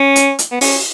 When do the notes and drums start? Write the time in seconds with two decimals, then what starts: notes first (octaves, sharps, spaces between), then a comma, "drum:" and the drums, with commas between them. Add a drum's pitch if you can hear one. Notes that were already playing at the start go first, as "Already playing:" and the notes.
Already playing: C#4
0.16 drum: hi-hat
0.39 drum: hi-hat
0.51 B3
0.61 C#4, drum: open hi-hat